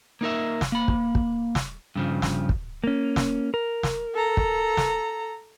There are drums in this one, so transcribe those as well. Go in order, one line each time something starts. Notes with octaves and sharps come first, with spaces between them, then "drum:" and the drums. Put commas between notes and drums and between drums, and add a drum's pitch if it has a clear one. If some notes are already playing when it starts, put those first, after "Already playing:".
A#3 D#4 A#4 E5
drum: snare
A#3 B5
drum: kick
drum: kick
drum: snare
G2 C#3 F3
drum: snare
drum: kick
A#3 C#4
drum: snare
A#4
drum: snare
A4 A#5
drum: kick
drum: snare